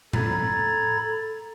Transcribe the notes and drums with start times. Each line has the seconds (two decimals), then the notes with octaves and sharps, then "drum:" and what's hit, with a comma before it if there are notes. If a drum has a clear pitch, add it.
0.13 A4 A#5 B5 G#6 A6, drum: tom A2